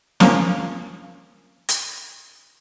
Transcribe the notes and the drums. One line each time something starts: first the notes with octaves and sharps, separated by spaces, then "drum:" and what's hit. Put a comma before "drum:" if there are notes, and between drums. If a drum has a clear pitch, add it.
F3 A#3 C#4, drum: snare
drum: hi-hat